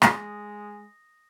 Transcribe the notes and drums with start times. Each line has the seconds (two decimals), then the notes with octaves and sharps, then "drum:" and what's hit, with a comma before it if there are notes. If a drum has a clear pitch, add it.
0.02 G#3 D#6 A#6, drum: rim click